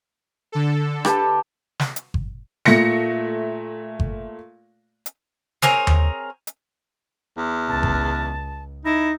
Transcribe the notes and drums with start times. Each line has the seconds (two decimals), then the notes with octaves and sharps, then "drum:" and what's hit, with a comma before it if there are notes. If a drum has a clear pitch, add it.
0.52 D3 A4
1.05 G4 B4 A5, drum: rim click
1.80 drum: snare
1.96 drum: hi-hat
2.14 drum: kick G1
2.66 A#2 A3 A#6 C#7, drum: snare
4.00 drum: kick G1
5.06 drum: hi-hat
5.62 C4 G#4 A#4 C#5, drum: snare
5.87 drum: tom D#2
6.47 drum: hi-hat
7.37 E2
7.69 C#2 A5
7.83 drum: kick G1
8.85 D#4 E4 A#6